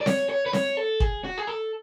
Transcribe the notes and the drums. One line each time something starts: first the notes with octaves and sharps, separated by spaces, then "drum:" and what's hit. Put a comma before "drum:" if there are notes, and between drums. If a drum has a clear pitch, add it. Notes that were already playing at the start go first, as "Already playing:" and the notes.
D5
C#5, drum: snare C4
C#5
B4
C#5, drum: snare C4
A4
G#4, drum: kick
F#4
G#4
A4